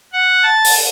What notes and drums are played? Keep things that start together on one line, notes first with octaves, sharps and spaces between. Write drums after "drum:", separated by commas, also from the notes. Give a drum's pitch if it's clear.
F#5
A5
drum: open hi-hat